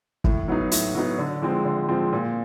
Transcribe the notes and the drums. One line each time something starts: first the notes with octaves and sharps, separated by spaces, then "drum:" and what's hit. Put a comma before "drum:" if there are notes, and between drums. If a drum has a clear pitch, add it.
A2, drum: kick
F#3 B3 D#4
A2, drum: hi-hat
F#3 B3 D#4
D3
F3 G#3 C4
D3
F3 G#3 C4
A#2